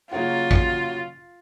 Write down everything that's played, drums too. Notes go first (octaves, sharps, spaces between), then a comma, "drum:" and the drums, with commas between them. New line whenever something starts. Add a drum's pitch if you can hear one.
C#3 F#3 A#3 C#4 F4 F#4
drum: kick